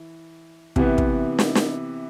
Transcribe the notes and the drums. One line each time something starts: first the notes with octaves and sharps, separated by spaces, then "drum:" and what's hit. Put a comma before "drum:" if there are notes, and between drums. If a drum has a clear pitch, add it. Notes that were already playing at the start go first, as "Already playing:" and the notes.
Already playing: E3
C3 E3 B3, drum: kick
drum: kick
drum: snare
drum: snare